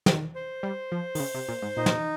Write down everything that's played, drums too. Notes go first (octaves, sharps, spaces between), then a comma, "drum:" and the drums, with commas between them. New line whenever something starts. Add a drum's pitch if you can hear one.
D#3, drum: snare
C5
G3
F3
D#3, drum: open hi-hat
C#3
C3
A#2
G#2
A#2 D#4
drum: snare